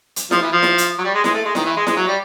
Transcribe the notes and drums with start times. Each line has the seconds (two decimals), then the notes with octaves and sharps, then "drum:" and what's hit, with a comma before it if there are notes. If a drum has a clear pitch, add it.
0.16 drum: hi-hat
0.31 F3, drum: snare E4
0.42 E3
0.52 F3
0.63 drum: snare E4
0.78 drum: hi-hat
0.98 F#3
1.04 G3
1.14 G#3
1.24 G#3, drum: snare E4
1.34 A3
1.45 G#3
1.55 D#3, drum: snare E4
1.65 E3
1.76 G#3
1.87 G#3, drum: snare E4
1.96 F#3
2.07 G3